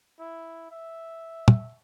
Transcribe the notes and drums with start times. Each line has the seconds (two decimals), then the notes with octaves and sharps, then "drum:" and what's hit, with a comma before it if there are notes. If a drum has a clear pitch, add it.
0.19 E4
0.71 E5
1.48 drum: tom